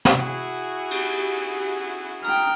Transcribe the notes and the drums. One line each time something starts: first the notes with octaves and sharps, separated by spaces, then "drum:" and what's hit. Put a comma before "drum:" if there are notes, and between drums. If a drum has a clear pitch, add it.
drum: snare
E4 F#4 G#4
G4, drum: cymbal
G5 A#5 D#6 F6